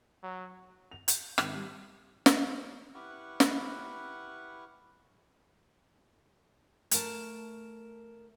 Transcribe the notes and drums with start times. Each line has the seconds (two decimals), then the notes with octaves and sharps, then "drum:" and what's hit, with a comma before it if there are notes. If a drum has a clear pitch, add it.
0.23 F#3
0.91 F7
1.08 G6, drum: hi-hat
1.38 G#1, drum: rim click
1.55 G3
2.26 drum: snare
2.95 E4 G4 B4 F#5 C#6 F6
3.40 drum: snare
6.91 A3 A#4 A5, drum: hi-hat